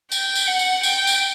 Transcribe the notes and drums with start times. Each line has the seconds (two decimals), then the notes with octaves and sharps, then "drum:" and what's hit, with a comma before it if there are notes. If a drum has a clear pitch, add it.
0.12 G5, drum: tambourine
0.35 drum: tambourine
0.47 F#5
0.59 drum: tambourine
0.83 G5, drum: tambourine
1.07 drum: tambourine